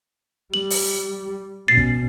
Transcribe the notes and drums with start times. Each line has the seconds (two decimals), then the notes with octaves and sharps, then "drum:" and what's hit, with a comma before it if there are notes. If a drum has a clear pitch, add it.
0.54 G3 F#7
0.70 drum: open hi-hat
1.68 B2 C#4 A6 C7
1.77 drum: kick